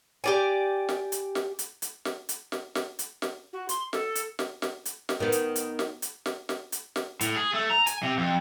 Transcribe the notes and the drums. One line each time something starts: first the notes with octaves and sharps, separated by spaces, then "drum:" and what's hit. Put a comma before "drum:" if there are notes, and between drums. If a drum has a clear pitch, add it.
G4 D5 G#5
drum: snare
drum: hi-hat
drum: snare
drum: hi-hat
drum: hi-hat
drum: snare
drum: hi-hat
drum: snare
drum: snare
drum: hi-hat
drum: snare
F#4
C6, drum: hi-hat
A4, drum: snare
drum: hi-hat
drum: snare
drum: snare
drum: hi-hat
drum: snare
D#3 B3
drum: hi-hat
drum: hi-hat
drum: snare
drum: hi-hat
drum: snare
drum: snare
drum: hi-hat
drum: snare
A2, drum: hi-hat
G#4
A3
A#5
G#5, drum: hi-hat
C3
F2